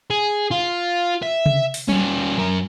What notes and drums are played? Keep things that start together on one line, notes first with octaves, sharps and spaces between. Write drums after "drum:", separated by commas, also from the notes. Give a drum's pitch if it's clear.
G#4
F4
E5
drum: tom C3
drum: open hi-hat
G3 C#4, drum: tom F#3
F#2 A#4